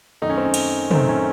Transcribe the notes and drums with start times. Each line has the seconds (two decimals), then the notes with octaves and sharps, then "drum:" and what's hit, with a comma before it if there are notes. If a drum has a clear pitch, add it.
0.22 F#2 D#3 A3 D#4
0.30 C#4
0.37 C4
0.45 C#4
0.54 drum: cymbal
0.91 F#2 D#3 A3 C4, drum: tom
1.09 C#4